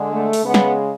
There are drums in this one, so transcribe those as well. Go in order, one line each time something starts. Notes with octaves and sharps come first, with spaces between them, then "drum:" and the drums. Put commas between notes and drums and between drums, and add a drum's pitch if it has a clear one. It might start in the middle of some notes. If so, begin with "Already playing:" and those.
Already playing: D3 G#3
A3
drum: open hi-hat
C#3 G#3 B3
drum: snare